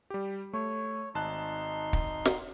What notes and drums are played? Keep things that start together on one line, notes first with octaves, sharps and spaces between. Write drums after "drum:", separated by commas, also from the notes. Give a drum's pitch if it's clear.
G3 G4
A3 C#5
G#1 D#4 A5 C6 F#6
drum: kick
drum: snare